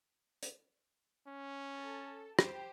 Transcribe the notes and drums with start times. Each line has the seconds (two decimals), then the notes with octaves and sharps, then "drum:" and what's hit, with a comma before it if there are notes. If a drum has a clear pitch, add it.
0.43 drum: hi-hat
1.27 C#4
1.74 A4
2.39 G4 C5, drum: rim click